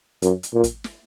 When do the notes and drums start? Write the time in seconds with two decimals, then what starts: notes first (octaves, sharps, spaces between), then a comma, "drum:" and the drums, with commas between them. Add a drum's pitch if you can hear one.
0.22 F#2, drum: hi-hat
0.43 drum: hi-hat
0.54 A#2
0.64 drum: kick, hi-hat
0.84 drum: snare